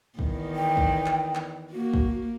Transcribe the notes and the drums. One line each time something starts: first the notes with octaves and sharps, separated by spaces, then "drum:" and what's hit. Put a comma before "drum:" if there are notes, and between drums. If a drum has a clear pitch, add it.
E2 D#3, drum: kick
G5
drum: kick
drum: clap
drum: clap
A#3 F#4
drum: kick